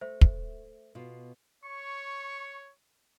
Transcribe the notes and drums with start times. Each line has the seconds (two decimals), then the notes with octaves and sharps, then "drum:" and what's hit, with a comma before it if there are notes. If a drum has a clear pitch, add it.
0.01 A3 C5 E5
0.21 drum: kick
0.95 B2 F4
1.64 C#5 C#6